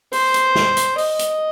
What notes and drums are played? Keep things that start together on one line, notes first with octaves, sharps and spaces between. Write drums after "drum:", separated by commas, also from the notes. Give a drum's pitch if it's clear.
C5, drum: open hi-hat
drum: hi-hat
drum: snare
drum: hi-hat
D#5, drum: open hi-hat
drum: hi-hat